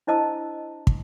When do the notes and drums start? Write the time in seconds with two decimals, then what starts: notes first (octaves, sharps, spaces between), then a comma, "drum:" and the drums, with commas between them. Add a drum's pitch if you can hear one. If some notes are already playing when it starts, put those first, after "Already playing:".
0.07 D4 E4 C5 D#5 A5 E6
0.87 drum: kick